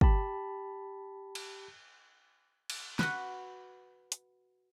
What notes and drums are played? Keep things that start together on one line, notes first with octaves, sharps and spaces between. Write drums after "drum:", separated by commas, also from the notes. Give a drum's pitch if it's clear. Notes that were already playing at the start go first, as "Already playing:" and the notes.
G4 A5 B5, drum: kick
drum: cymbal
drum: cymbal
F#4 B4, drum: snare
drum: hi-hat